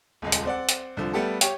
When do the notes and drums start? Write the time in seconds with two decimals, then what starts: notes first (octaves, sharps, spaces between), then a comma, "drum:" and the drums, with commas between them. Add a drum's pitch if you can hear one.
0.22 D#1 C#2 G#3
0.32 drum: hi-hat
0.45 C4 D5 F#5
0.69 drum: hi-hat
0.97 C2 D3 F3
1.13 G3 A3 B3 G4 A4
1.41 G4 C#5 G5, drum: hi-hat